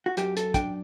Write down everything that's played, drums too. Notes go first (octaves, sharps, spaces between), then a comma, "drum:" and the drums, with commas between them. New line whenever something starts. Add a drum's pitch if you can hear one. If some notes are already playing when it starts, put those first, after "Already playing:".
F#4
F#2 G4, drum: hi-hat
A4, drum: hi-hat
D4 G5, drum: kick, hi-hat